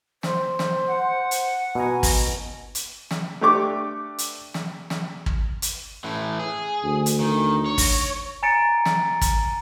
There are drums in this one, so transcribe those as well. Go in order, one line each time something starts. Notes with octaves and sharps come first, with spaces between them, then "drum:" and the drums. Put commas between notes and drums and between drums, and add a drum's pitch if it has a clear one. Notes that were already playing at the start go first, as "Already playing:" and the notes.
C5, drum: snare
drum: snare
F#5
drum: hi-hat
B2 G#5 A#5
drum: kick, open hi-hat
drum: hi-hat
drum: snare
A3 D4 G4 C#6 D6
drum: hi-hat
drum: snare
drum: snare
drum: kick
drum: hi-hat
A2 E3
G#4
D2
drum: hi-hat
D#3
C#5
drum: kick, open hi-hat
G#5 A#5 A6 C#7 D7
drum: snare
drum: kick, hi-hat